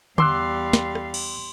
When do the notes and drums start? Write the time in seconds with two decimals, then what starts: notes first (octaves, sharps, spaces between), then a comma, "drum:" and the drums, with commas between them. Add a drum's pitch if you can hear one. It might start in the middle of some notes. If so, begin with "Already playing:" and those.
0.18 E2 G3 F5 C6 D6 E6 F#6, drum: tom D3
0.73 drum: snare
0.95 drum: rim click
1.14 drum: cymbal